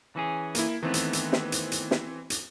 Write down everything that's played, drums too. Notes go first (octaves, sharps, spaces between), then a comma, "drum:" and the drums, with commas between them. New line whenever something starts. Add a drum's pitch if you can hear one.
E3 C#4 G#4
A#3 E4, drum: hi-hat
D#3 E3 A3 B3 C4
drum: hi-hat
drum: hi-hat
drum: snare
drum: hi-hat
drum: hi-hat
drum: snare
drum: hi-hat